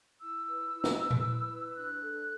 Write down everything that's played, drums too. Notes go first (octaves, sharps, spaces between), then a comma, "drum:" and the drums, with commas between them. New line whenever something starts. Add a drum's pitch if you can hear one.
E4 E6
B4
E4
drum: snare
B4
drum: tom A#2
E4
B4
D4 F#6
A4